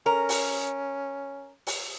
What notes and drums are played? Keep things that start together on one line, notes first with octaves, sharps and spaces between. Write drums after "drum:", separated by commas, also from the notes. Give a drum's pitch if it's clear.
C#4 A#4
drum: open hi-hat
drum: open hi-hat